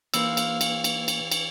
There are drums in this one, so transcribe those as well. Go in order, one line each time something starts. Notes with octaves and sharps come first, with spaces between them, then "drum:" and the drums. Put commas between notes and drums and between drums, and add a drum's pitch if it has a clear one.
E3 A#3 C5 F5 E6, drum: cymbal
drum: cymbal
drum: cymbal
drum: cymbal
drum: cymbal
drum: cymbal